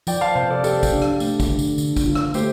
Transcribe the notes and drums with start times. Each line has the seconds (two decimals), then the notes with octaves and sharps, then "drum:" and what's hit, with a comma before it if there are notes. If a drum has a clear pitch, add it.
0.07 F3 D5 G5, drum: tambourine
0.21 F5 A5
0.35 C3 C5 F5
0.50 A4 D5
0.64 G4 A4 D5, drum: tambourine
0.83 drum: kick, tambourine
0.92 D4
1.02 drum: rim click
1.20 A3, drum: tambourine
1.40 drum: kick, tambourine
1.49 D3
1.59 drum: tambourine
1.78 D3, drum: tambourine
1.97 drum: kick, tambourine
2.06 F4
2.15 drum: rim click
2.34 A3 G4 C5, drum: tambourine